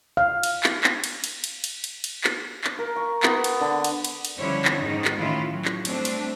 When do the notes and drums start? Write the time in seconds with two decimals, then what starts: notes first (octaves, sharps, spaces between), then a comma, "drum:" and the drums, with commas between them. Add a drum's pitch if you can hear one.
0.17 F5
0.43 drum: cymbal
0.64 drum: clap
0.84 drum: clap
1.04 drum: cymbal
1.24 drum: cymbal
1.44 drum: cymbal
1.64 drum: cymbal
1.84 drum: cymbal
2.04 drum: cymbal
2.24 drum: clap
2.64 drum: clap
2.79 A#4
2.96 C#6
3.23 B3, drum: clap
3.44 drum: cymbal
3.61 D3
3.84 drum: cymbal
4.05 drum: cymbal
4.25 drum: cymbal
4.37 D3 F3 G3 C#4 E4 C#5
4.65 drum: clap
4.79 G#2 D#3 D#4
5.05 drum: clap
5.18 A2 D#3 E3 C#4 E4 F4
5.50 F#3
5.65 drum: clap
5.85 G3 A3 C4 D4, drum: cymbal
6.05 drum: cymbal